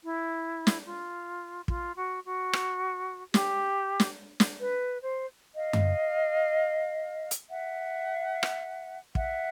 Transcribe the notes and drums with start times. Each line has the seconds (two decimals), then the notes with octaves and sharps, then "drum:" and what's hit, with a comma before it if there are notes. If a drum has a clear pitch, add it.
0.03 E4
0.67 drum: snare
0.86 F4
1.68 F4, drum: kick
1.97 F#4
2.24 F#4
2.53 drum: rim click
3.34 G4, drum: snare
4.00 drum: snare
4.40 drum: snare
4.59 B4
5.00 C5
5.55 D#5 F5
5.73 drum: tom F#2
7.31 drum: hi-hat
7.49 E5 F#5
8.43 drum: rim click
9.15 E5 F#5, drum: kick